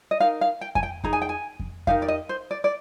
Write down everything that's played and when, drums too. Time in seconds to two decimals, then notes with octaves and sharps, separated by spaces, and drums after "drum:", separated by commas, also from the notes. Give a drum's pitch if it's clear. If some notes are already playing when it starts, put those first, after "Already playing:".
0.11 D#5
0.20 D#4 A#4 F5
0.41 F5
0.61 G5
0.75 G#5, drum: kick F2
0.83 G5
1.04 D#4 G#4 A#5, drum: kick F2
1.13 G#5
1.22 G5
1.29 G#5
1.60 drum: kick F2
1.87 D#4 G4 A#4 F5, drum: kick F2
2.02 D5
2.08 D#5
2.29 C5
2.51 D5
2.64 D5